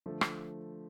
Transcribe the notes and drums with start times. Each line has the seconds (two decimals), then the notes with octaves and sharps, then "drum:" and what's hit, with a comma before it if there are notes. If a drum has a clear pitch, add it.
0.06 D3 F3 A3
0.21 drum: rim click